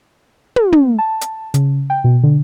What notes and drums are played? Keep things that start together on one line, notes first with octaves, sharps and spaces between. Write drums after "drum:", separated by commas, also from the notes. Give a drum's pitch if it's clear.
drum: tom
drum: tom
A5
drum: hi-hat
C#3, drum: hi-hat
G5
B2
D3